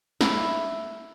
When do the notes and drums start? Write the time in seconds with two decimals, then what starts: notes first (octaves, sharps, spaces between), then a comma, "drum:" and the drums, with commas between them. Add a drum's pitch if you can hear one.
0.21 E4, drum: snare